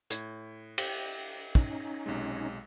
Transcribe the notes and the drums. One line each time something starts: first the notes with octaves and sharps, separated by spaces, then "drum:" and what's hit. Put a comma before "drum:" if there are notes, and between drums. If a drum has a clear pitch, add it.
A2 G#6, drum: hi-hat
G4, drum: cymbal
C#4 D#4, drum: kick
B1 C3 G#3